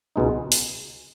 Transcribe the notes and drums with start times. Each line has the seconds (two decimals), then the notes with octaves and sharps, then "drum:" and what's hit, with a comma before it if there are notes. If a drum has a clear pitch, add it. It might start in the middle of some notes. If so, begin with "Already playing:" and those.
0.16 C#2 B2 G#3 D#4
0.52 drum: open hi-hat